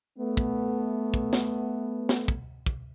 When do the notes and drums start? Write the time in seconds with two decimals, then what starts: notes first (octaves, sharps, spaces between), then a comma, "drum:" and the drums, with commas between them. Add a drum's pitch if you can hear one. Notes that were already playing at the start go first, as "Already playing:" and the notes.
0.18 A3 B3
0.37 drum: kick
1.14 drum: kick
1.33 drum: snare
2.09 drum: snare
2.28 drum: kick
2.66 drum: kick